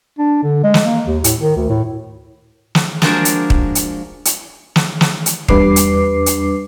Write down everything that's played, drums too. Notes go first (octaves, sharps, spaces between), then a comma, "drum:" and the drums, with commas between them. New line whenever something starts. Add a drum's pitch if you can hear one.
D4
D3
G#3
drum: snare
A#3
D#2
A2, drum: hi-hat
D#3
D2
A2
drum: snare
F3 G#3 A#3 D4 F#4, drum: snare
drum: hi-hat
drum: kick
drum: hi-hat
drum: hi-hat
drum: snare
drum: snare
drum: hi-hat
E2 G3 D4 B4 D6 C7, drum: kick
drum: hi-hat
drum: hi-hat